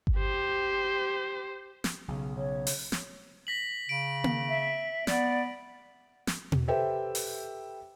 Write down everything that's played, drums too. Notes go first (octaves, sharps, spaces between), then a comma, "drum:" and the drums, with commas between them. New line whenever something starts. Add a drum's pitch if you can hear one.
drum: kick G1
G4 C5
drum: snare
B1 C#3
C#3 C#5
drum: open hi-hat
drum: snare
A#6 B6 F#7
C#3 D7
drum: tom A#3
E5
B3 D5, drum: snare
drum: snare
drum: tom B2
G4 A4 B4 C5 E5 G5
drum: open hi-hat